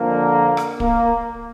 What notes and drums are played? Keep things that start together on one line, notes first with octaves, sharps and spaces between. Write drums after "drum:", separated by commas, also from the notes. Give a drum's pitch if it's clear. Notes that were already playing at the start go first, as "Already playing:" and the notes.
Already playing: F2 D3 A#3
drum: rim click
A#3, drum: kick